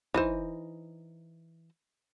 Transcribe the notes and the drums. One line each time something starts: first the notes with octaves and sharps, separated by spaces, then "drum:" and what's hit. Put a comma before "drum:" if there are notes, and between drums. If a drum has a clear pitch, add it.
E3 D#4 C5, drum: kick